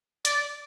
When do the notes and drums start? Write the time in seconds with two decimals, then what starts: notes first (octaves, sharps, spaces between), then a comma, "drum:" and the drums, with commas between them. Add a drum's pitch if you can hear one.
0.25 D5, drum: hi-hat